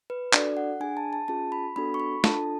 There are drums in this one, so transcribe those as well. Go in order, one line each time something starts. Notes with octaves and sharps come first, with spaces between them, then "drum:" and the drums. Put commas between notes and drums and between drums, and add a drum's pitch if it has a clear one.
B4
D4 F#4 A4 D5, drum: clap
F#5
D4 G#4 G#5
A5
A5
C#4 F4 G#4 A5
B5
B3 D4 F#4 A4 B5
C#6
B5
D4 F4 A4 A5, drum: snare